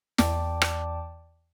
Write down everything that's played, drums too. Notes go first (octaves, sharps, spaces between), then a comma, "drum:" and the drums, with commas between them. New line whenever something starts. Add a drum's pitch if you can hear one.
E2 D5 G5 A5 D6, drum: snare
drum: rim click